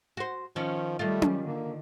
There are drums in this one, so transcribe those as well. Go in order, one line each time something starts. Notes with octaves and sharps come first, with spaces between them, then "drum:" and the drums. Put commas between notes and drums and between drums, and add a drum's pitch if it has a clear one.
F#4 C5
D#3 F3 C#4
D#3 G3 A3 F4
drum: tom C#4
D3 A#3